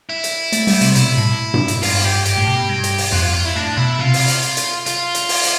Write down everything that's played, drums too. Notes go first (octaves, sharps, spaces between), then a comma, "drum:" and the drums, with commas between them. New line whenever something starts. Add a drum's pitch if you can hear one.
E4
drum: hi-hat
A3, drum: hi-hat
G3, drum: open hi-hat
C3, drum: hi-hat
B2 E4, drum: hi-hat
A2
drum: tom G2
drum: hi-hat
G2 F4, drum: open hi-hat
G2
G2 G4
G2
G2 G4, drum: hi-hat
A2
B2
G2
drum: hi-hat
drum: open hi-hat
F2 F4
F4
F4
E4
A2 D4
B2 E4
C3 F4
drum: open hi-hat
drum: hi-hat
drum: hi-hat
drum: hi-hat
F4, drum: hi-hat
drum: hi-hat
drum: open hi-hat
drum: hi-hat